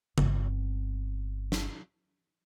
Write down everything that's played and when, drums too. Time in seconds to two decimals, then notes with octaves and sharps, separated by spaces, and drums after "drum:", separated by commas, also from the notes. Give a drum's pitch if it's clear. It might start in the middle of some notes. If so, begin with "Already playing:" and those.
0.18 G1 C4, drum: tom C#3
1.52 drum: snare